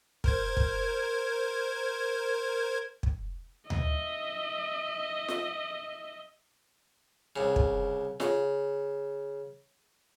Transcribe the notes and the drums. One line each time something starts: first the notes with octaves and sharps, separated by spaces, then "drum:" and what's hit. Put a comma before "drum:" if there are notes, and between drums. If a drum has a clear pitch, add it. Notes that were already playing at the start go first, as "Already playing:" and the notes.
A#4 C5 G#6, drum: kick
drum: kick
drum: kick
D#5 E5, drum: tom D2
drum: snare F4
C2 C#3
drum: kick
C#3, drum: snare F4